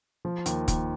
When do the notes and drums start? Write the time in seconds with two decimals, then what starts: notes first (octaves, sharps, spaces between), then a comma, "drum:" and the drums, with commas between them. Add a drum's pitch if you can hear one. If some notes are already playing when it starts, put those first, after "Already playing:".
0.25 F3
0.46 D#2, drum: hi-hat
0.68 D#2, drum: kick, hi-hat